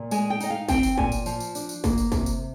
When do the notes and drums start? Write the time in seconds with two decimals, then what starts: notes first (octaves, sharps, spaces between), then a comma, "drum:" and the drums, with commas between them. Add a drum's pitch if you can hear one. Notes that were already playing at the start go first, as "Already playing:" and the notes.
Already playing: A#2
0.11 G#3 G#5, drum: tambourine
0.30 G5
0.40 D#4 D#5, drum: tambourine
0.50 F5
0.68 C4 G5, drum: kick, tambourine
0.83 drum: tambourine
0.98 A#2 G#5, drum: kick
1.12 drum: tambourine
1.26 F3, drum: tambourine
1.40 drum: tambourine
1.55 D4, drum: tambourine
1.69 drum: tambourine
1.84 A#3, drum: kick, tambourine
1.98 drum: tambourine
2.12 C3, drum: kick, tambourine
2.26 drum: tambourine